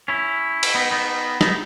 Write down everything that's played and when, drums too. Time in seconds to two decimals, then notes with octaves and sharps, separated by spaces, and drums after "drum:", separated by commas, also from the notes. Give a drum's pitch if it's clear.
0.08 C#4 E4
0.63 drum: cymbal
0.75 B3 D#4
0.91 B3 D#4
1.41 B3 D#4, drum: snare